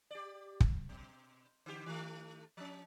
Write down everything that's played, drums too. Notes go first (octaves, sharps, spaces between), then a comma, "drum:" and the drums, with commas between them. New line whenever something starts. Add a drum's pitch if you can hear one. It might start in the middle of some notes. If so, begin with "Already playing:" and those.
G4 D5
drum: kick
B2
D3 G4
D#3 A3
F3 C#4